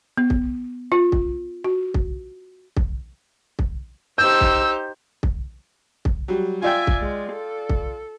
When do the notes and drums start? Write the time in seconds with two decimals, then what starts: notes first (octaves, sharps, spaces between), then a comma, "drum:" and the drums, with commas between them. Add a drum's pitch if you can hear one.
0.18 B3
0.30 drum: kick
0.92 F4
1.12 drum: kick
1.64 F#4
1.94 drum: kick
2.76 drum: kick
3.59 drum: kick
4.18 D#4 G4 C5 E6 G6
4.41 drum: kick
5.23 drum: kick
6.05 drum: kick
6.28 F#3 G3
6.62 F4 D5 E5 G5 G#5
6.87 drum: kick
7.01 G#3
7.32 A4
7.69 drum: kick